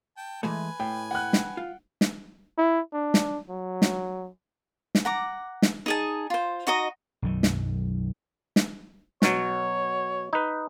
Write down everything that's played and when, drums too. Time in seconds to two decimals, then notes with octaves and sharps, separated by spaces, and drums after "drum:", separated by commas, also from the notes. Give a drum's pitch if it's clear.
0.17 G5 A5
0.43 E3 G#3 A3 B4 G#5
0.80 A2 G5
1.11 F#5 G5 F#6
1.33 drum: snare
1.57 F4
2.01 drum: snare
2.58 E4
2.94 D4
3.14 drum: snare
3.49 F#3
3.82 drum: snare
4.95 drum: snare
5.05 F#5 A#5 D6
5.62 drum: snare
5.86 D#4 G#4 A5
6.30 F4 C5
6.67 D#4 F#4 D#5 A#5
7.22 B1 F#2 D#3
7.43 drum: snare
8.56 drum: snare
9.22 B2 F#3 C#5, drum: snare
10.33 D#4 B4